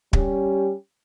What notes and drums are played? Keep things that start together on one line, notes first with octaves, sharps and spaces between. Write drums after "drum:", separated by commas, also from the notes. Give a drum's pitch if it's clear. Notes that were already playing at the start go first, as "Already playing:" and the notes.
G3 C#4 G4, drum: kick